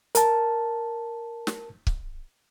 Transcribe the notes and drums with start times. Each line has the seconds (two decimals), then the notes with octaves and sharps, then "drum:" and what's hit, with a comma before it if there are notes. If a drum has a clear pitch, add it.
0.15 A#4 A5, drum: hi-hat
1.47 drum: snare
1.87 drum: kick C#1